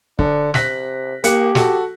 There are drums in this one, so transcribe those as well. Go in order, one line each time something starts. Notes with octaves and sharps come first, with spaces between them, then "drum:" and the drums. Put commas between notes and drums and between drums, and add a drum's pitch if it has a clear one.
D3 D4, drum: kick
C3 F#6 A#6 B6, drum: snare
A#3 G4 F#6 C#7, drum: hi-hat
F#4 A4, drum: snare